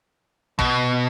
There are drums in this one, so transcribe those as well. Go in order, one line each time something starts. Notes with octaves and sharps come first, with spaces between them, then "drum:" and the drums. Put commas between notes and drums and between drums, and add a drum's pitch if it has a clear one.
B2, drum: kick